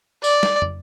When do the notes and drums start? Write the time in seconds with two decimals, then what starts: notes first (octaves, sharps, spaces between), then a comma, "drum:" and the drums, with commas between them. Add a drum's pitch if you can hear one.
0.24 D5, drum: tambourine
0.43 drum: snare
0.62 drum: tom